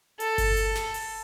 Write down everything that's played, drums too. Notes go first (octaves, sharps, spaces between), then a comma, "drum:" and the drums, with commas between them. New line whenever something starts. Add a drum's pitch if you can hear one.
A4, drum: hi-hat
drum: kick G1, open hi-hat
drum: hi-hat
drum: snare
drum: open hi-hat